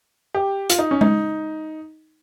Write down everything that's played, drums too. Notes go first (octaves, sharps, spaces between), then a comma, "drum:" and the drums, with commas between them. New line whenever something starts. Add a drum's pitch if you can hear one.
G4
F4, drum: hi-hat
D#4
C#4
D#4, drum: tom G#3